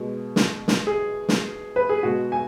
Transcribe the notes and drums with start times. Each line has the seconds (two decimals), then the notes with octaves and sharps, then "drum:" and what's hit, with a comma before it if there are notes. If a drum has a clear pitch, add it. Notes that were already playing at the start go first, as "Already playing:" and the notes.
Already playing: B2 G#3
0.36 drum: snare
0.68 drum: snare
0.87 G#4
1.29 drum: snare
1.76 B4
1.89 G#4
2.03 B2 G#3 F#4
2.32 G#5